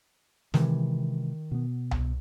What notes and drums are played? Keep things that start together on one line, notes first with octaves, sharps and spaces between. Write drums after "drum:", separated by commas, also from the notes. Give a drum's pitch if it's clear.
C3 D#3 E3 G#3, drum: snare
B2 B3
drum: tom C2